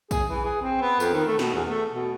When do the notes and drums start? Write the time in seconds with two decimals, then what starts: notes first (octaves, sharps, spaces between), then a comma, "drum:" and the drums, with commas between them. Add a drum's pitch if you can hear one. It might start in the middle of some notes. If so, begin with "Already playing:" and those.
0.11 G#4, drum: kick A#1, tambourine
0.29 E3
0.45 G#4
0.62 C4
0.81 B3
1.00 F2, drum: tambourine
1.13 D#3
1.27 A3
1.39 B2, drum: snare
1.54 E2
1.68 A3
1.92 B2